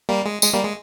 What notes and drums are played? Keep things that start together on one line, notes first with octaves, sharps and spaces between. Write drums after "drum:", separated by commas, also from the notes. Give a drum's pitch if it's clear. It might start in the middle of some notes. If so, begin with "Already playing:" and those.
G3 A#3
G#3
G#3, drum: tambourine
G3 A#3
G#3